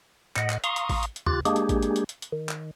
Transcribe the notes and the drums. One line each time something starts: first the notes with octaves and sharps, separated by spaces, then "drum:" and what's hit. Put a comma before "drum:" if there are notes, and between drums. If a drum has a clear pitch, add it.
A2 D#5 F#5, drum: clap
drum: clap
F5 A#5 C6 C#6 D#6, drum: hi-hat
drum: hi-hat
drum: kick A1, open hi-hat
drum: hi-hat
drum: hi-hat
D#2 F4 G4 F#6 A6, drum: tom E2
G#3 A#3 D4 G4 G#4, drum: hi-hat
drum: hi-hat
drum: kick A1, hi-hat
drum: hi-hat
drum: hi-hat
drum: hi-hat
drum: hi-hat
D#3
drum: clap